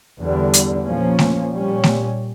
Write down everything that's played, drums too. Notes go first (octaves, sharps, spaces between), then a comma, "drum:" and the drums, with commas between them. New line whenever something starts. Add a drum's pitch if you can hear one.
E2 D3 G3
drum: hi-hat
A#2 F3 A#3 C#4
drum: snare A3
A#2 G3 C#4
drum: snare A3